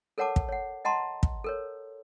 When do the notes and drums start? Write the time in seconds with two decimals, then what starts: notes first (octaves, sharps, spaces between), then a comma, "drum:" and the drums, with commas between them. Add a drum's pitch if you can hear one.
0.18 A4 A#4 C#5 F#5 A5 D6
0.36 drum: kick
0.49 C#5 F#5
0.85 D#5 F#5 A5 A#5 C6
1.23 drum: kick
1.44 A4 A#4 C#5